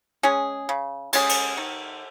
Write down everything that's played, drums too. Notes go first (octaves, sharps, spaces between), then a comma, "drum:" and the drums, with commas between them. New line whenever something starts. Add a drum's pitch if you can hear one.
G#3 C#4 G#4
C#3
G#3 C#4 G#4, drum: cymbal
drum: cymbal
D#3